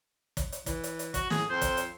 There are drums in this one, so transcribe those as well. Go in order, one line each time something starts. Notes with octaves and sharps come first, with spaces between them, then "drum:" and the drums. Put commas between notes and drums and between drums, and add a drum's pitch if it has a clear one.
drum: kick, hi-hat
drum: hi-hat
E3, drum: kick, hi-hat
drum: hi-hat
drum: hi-hat
F#4, drum: kick, hi-hat
A2 G#4, drum: snare
F2 C5
drum: kick, hi-hat
drum: hi-hat